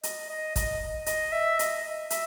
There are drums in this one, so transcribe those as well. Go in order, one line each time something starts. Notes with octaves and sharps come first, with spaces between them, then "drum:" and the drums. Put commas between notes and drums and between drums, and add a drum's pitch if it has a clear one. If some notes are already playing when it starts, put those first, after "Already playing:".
D#5, drum: hi-hat
D#5
D#5, drum: kick, hi-hat
D#5, drum: hi-hat
E5
D#5, drum: hi-hat
E5, drum: hi-hat